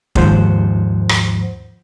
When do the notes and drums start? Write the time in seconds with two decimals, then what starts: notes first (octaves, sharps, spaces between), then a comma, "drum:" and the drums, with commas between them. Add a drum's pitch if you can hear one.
0.15 D#2 G#2 F3 C5 F#5, drum: kick
1.09 drum: rim click